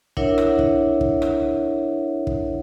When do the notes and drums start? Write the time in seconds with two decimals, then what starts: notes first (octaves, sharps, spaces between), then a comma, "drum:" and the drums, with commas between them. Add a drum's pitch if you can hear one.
0.17 D4 E4 A#4 C#5 E5 F#5, drum: kick
0.38 drum: rim click
0.59 drum: kick
1.01 drum: kick
1.22 drum: rim click
2.27 drum: kick